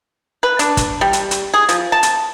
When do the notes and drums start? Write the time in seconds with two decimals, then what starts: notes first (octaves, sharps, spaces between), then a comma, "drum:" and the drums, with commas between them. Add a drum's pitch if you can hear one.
0.43 B4
0.59 D4, drum: hi-hat
0.77 drum: kick, hi-hat
1.01 G3
1.13 drum: hi-hat
1.31 drum: hi-hat
1.54 G#4
1.69 F3, drum: hi-hat
1.92 A5
2.03 drum: hi-hat